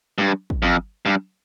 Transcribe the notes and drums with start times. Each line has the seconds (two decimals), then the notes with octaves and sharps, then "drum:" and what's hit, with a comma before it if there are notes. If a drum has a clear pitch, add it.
0.18 G2
0.50 drum: kick
0.63 F2
1.06 G2